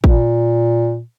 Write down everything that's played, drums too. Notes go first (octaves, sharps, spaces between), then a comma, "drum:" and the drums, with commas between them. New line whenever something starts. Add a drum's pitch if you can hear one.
A#2, drum: kick